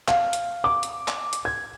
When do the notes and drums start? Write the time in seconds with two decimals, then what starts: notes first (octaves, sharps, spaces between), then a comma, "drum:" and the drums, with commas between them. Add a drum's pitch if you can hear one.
0.08 F5, drum: clap
0.33 drum: hi-hat
0.64 D6
0.83 drum: hi-hat
1.08 drum: clap
1.33 drum: hi-hat
1.45 G#6